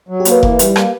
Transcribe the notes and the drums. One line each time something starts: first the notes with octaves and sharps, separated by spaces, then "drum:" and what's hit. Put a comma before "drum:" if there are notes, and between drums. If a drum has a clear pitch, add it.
F#3
G4
A#3, drum: hi-hat
B4
E3, drum: kick F1
G3, drum: hi-hat
A#3, drum: rim click